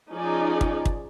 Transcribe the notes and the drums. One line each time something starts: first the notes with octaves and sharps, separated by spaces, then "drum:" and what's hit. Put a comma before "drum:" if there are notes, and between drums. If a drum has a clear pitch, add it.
F3 C#4 D#4 G#4 D5
drum: kick
drum: kick